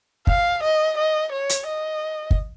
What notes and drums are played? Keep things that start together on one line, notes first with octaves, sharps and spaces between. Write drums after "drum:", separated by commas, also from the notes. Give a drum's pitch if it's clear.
F5, drum: kick
D#5
D#5
C#5
drum: hi-hat
D#5
drum: kick